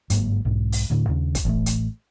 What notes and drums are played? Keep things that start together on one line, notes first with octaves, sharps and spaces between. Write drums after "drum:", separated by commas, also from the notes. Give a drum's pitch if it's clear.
G1 G#2 F#3 A#3, drum: hi-hat
B1 G#2
drum: open hi-hat
D1 A2 D3
D#2 C#3
drum: kick, hi-hat
A1 A3
drum: hi-hat